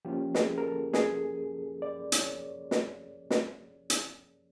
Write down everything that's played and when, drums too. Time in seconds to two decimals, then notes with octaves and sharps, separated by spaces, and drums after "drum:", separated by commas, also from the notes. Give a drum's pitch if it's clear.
0.05 F3 A#3 C#4 F4 G4
0.35 G#4, drum: snare
0.58 A#4
0.63 A4
0.93 G#4, drum: snare
1.82 D5
2.12 C#5, drum: hi-hat
2.71 drum: snare
3.30 drum: snare
3.90 drum: hi-hat